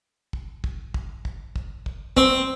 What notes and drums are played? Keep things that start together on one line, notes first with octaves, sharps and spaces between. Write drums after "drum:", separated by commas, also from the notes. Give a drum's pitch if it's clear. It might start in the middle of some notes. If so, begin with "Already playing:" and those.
drum: kick
drum: kick
drum: kick
drum: kick
drum: kick
drum: kick
C4, drum: kick